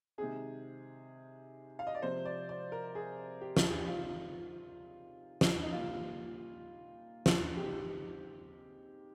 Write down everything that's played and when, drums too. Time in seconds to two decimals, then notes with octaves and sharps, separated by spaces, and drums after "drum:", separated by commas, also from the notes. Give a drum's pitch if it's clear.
0.18 C3 D#3 G#3 C4 G#4
1.79 F5
1.87 D#5
1.95 D5
2.02 C3 F3 G#3 C4 C5
2.25 D5
2.49 D5
2.72 A#4
2.95 G#4
3.41 G4
3.57 drum: snare
3.67 G#4
3.78 G4
3.87 D#3 G#3 C4 F4
5.41 drum: snare
5.63 D#4
5.72 A#2 G3 A#3 F4
7.26 drum: snare
7.57 D#3 G#3 C4 G4